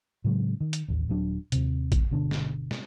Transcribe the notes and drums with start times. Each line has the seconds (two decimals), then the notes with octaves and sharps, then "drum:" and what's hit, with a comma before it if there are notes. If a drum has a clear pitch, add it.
0.24 A2 C#3 F#3 G#3
0.60 D#3
0.73 drum: hi-hat
0.88 A1 D#2
1.09 D#1 F#3 D4
1.52 D#2 C3, drum: hi-hat
1.92 drum: kick, hi-hat
2.11 G1 B2 D3 D4
2.31 drum: snare
2.71 drum: snare